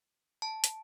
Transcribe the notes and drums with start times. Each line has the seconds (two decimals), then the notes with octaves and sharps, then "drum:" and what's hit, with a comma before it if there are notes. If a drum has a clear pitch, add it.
0.42 A5
0.64 drum: hi-hat